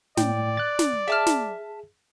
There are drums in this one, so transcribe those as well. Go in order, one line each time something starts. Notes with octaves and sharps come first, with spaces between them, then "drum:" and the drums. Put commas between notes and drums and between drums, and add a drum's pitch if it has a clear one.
A2 D5 G5, drum: snare
F#6 A6
drum: snare
G#4 E5 A5 F6
drum: snare